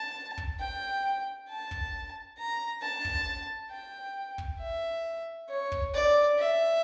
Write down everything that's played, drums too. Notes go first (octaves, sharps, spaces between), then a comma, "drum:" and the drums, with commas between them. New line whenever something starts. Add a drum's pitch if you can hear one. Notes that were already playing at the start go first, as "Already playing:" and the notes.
Already playing: A5
drum: kick
G5
A5
drum: kick
A#5
A5
drum: kick
G5
drum: kick
E5
C#5
drum: kick
D5
E5